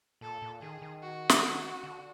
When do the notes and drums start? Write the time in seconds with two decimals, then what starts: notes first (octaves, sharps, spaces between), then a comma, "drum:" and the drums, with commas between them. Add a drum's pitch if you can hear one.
0.21 A#2 A4
0.42 A#2
0.61 D#3 G#4
0.82 D#3
1.02 F#4
1.29 drum: snare
1.83 D3